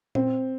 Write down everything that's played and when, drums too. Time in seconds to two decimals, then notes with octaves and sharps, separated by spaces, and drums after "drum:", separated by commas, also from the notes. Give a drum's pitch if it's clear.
0.15 C4, drum: tom A#2